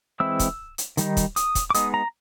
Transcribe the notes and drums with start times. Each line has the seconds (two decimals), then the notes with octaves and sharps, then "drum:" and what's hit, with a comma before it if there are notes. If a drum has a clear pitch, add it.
0.20 E3 G#3 C4 E4 E6
0.39 drum: kick, hi-hat
0.78 drum: hi-hat
0.97 D#3 G3 D#4, drum: hi-hat
1.17 drum: kick, hi-hat
1.36 D#6, drum: hi-hat
1.55 drum: kick, hi-hat
1.70 D6
1.74 G#3 B3 D#4 D#6, drum: hi-hat
1.94 A#5